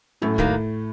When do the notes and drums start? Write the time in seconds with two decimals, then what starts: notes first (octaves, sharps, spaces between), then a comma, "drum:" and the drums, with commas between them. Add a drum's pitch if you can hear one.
0.22 F#2 A2 A3
0.38 D#3 F#3 A#3, drum: kick